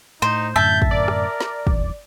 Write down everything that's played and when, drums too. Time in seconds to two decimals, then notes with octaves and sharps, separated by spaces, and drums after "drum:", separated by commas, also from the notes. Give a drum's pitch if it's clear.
0.22 A2 D#4 C5
0.56 F#2 A2 D3 E5 A5 G6
0.82 drum: kick
0.91 A#4 D5
1.08 drum: rim click
1.40 drum: snare
1.67 D#1 A#1 E2, drum: kick